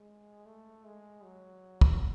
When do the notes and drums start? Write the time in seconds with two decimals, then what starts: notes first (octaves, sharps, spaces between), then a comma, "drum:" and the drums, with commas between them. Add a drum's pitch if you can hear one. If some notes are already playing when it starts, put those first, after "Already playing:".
Already playing: G#3
0.46 A3
0.85 G#3
1.24 F#3
1.81 drum: kick